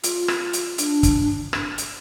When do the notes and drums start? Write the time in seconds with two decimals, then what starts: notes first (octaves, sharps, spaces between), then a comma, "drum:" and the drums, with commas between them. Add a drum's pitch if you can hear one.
0.03 F4, drum: hi-hat
0.28 drum: rim click
0.53 drum: hi-hat
0.78 D4, drum: hi-hat
1.03 drum: kick, hi-hat
1.53 drum: rim click
1.78 drum: hi-hat